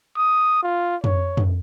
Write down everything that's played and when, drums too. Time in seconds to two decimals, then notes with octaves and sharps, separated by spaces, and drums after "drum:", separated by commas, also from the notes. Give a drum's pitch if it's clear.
0.16 D#6
0.62 F4
1.04 C#5, drum: tom F2
1.37 drum: tom F2